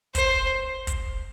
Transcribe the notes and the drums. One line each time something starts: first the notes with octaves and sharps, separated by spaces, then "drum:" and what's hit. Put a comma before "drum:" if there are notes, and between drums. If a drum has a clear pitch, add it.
C5, drum: kick, hi-hat
drum: kick, hi-hat